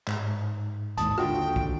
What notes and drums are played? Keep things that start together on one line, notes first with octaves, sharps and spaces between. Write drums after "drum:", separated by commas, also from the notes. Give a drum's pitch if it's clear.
G#2, drum: clap
A1 D#2 G#2 A5 D#6, drum: hi-hat
D#2 D3 F4 F#4 G5, drum: rim click
drum: kick